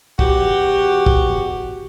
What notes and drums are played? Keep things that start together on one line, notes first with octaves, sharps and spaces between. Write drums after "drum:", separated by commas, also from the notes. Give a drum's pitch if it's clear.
E2 F#4 G4, drum: kick
drum: kick